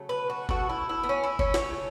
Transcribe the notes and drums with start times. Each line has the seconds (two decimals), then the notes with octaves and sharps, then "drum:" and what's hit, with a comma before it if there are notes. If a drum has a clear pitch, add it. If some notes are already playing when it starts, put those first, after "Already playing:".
Already playing: C#3 F#3 A3
0.09 B4
0.30 F#4
0.49 B2 A3 F#4, drum: kick F#1
0.69 E4
0.89 E4
1.03 B3
1.09 C#4
1.24 E4
1.39 C#4, drum: kick F#1
1.54 C#5, drum: snare
1.69 C#3 A3